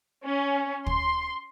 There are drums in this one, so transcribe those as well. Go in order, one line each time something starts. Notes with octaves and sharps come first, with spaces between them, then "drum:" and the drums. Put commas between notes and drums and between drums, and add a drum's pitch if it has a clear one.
C#4
C6, drum: kick